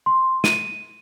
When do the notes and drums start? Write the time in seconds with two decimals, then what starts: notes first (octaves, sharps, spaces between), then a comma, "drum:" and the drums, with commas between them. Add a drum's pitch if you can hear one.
0.06 C6
0.44 D#7, drum: snare